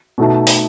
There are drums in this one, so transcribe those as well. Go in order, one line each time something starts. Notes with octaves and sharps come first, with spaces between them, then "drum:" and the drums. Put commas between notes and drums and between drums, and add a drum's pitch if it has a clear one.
B2 A3 D#4
drum: open hi-hat